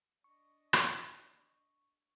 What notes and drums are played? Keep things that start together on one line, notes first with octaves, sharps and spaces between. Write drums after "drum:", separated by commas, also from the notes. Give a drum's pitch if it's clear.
D4 D#5 C#6
drum: rim click